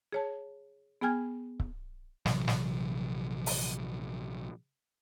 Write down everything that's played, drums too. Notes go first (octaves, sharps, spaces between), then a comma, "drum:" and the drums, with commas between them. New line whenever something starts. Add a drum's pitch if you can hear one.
G#4 C#5 A5
B3 G#4 G5 G#5 F6 G#6
drum: kick C#1
A#1 C3 E3 F#3, drum: snare
drum: snare
drum: open hi-hat